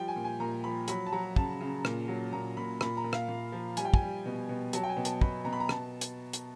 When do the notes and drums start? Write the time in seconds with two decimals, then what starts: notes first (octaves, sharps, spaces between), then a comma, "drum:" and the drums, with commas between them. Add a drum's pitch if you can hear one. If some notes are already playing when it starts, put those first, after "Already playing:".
Already playing: F3 G3 G5
0.08 G#5
0.16 A#2
0.25 G#5
0.40 A#2 A#5
0.64 F3 B5
0.88 F#3 B5, drum: hi-hat
1.06 A5
1.12 F#3 A#5
1.36 C#3 A5, drum: kick
1.61 C#3
1.85 A#2, drum: rim click
2.08 F#3
2.33 A#2 A#5
2.57 A#2 B5
2.81 A#2 B5, drum: rim click
2.97 A#5
3.04 A#2
3.13 F5, drum: rim click
3.28 A#2
3.52 F3
3.77 G3 G#5, drum: hi-hat
3.85 G5
3.94 G#5, drum: kick
4.02 G3
4.26 B2
4.49 B2
4.73 F#3 A5, drum: hi-hat
4.83 G5
4.89 G#5
4.97 B2
5.05 A5, drum: hi-hat
5.21 B2 B5, drum: kick
5.45 B2 A#5
5.53 B5
5.60 A#5
5.69 B2 A5, drum: rim click
6.01 drum: hi-hat
6.33 drum: hi-hat